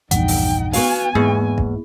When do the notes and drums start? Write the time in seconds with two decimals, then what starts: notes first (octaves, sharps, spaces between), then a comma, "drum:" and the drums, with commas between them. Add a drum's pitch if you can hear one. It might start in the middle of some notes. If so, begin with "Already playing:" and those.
0.11 A#1 E2 G2 D#4 F#5 G5, drum: hi-hat
0.28 drum: open hi-hat
0.73 B3 F#4 F5 G#5, drum: open hi-hat
1.15 E2 G#2 A#3 B3 G#4
1.58 drum: kick